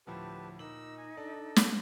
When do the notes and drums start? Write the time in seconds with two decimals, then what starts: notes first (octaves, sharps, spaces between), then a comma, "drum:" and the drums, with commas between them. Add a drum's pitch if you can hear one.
0.07 D2 A2 F3 G4 B4 A5
0.59 A#2 D#4 E6 F#7
0.98 G#5
1.17 D4 A4 D5
1.56 drum: snare